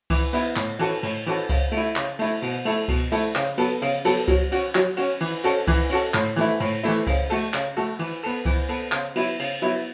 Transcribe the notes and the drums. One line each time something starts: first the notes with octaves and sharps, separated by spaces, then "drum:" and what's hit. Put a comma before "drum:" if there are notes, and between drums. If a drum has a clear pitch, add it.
E3, drum: kick C#2, cymbal
B3 E4, drum: cymbal
A2, drum: clap
E3 C#4 F#4 A4, drum: cymbal
A2, drum: cymbal
E3 C#4 F#4 A4, drum: cymbal
C#3, drum: kick C#2, cymbal
A3, drum: cymbal
E4
C#3, drum: clap
A3 E4, drum: cymbal
B2, drum: cymbal
A3 E4 A4, drum: cymbal
B2, drum: kick C#2, cymbal
A3 E4 A4, drum: cymbal
C#3, drum: clap
F#3 B3 A4, drum: cymbal
C#3, drum: cymbal
F#3 B3 A4, drum: cymbal
F#3, drum: kick C#2, cymbal
C#4 F#4, drum: cymbal
F#3, drum: clap
C#4 F#4, drum: cymbal
E3, drum: cymbal
C#4 F#4 A4, drum: cymbal
E3, drum: kick C#2, cymbal
C#4 F#4 A4, drum: cymbal
A2, drum: clap
E3 A3 E4, drum: cymbal
A2, drum: cymbal
E3 A3 E4, drum: cymbal
C#3, drum: kick C#2, cymbal
A3 F#4 A4, drum: cymbal
C#3, drum: clap
A3 F#4 A4, drum: cymbal
E3, drum: cymbal
B3 A4, drum: cymbal
E3, drum: kick C#2, cymbal
B3 A4, drum: cymbal
C#3, drum: clap
F#3 B3 E4, drum: cymbal
C#3, drum: cymbal
F#3 B3 E4, drum: cymbal